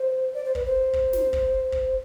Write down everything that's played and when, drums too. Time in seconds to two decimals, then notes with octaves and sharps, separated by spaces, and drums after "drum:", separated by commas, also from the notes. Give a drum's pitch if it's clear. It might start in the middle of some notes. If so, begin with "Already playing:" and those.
Already playing: C5
0.34 D5
0.45 C5
0.55 B4, drum: kick
0.65 C5
0.93 drum: kick
1.13 drum: snare
1.33 drum: kick
1.72 drum: kick